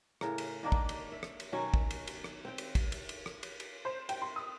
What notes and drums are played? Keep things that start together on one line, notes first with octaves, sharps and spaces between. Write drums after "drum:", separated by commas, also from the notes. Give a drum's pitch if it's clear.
A2 C#3 A#4, drum: rim click
drum: cymbal
D#3 A#3 D4 D#4
drum: kick
drum: cymbal
E5
drum: rim click
drum: cymbal
B2 D#3 F#3 C#4
drum: kick
drum: cymbal
drum: cymbal
drum: rim click
C4 G5
drum: cymbal
drum: kick, cymbal
drum: cymbal
drum: cymbal
drum: rim click
drum: cymbal
drum: cymbal
C5
G5, drum: cymbal
C6
D#6